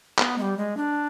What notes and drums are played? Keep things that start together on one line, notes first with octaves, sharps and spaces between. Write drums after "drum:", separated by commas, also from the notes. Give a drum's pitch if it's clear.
B3, drum: clap
G#3
G3
G#3
D4